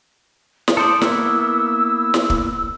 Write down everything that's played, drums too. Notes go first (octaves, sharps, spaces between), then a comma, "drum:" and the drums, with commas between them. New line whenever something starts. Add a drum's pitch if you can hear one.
drum: snare
A4 C5 D5 D#6
A#3 B3 E4 E6, drum: snare
drum: snare
drum: kick